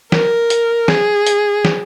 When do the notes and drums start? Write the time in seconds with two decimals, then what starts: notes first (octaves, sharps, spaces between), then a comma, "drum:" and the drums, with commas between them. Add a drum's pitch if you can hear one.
0.12 A#4, drum: snare
0.50 drum: hi-hat
0.88 G#4, drum: snare
1.26 drum: hi-hat
1.65 drum: snare